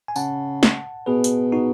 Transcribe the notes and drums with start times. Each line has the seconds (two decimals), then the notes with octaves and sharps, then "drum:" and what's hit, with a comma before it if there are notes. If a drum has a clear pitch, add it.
0.08 G#5
0.16 C#3 F#5 A5, drum: tambourine
0.63 drum: snare
1.06 B2 G#4 B4
1.24 drum: hi-hat
1.52 D#4 F#4